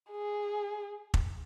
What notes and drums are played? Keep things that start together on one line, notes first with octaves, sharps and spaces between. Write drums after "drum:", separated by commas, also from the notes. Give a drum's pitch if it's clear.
G#4
drum: kick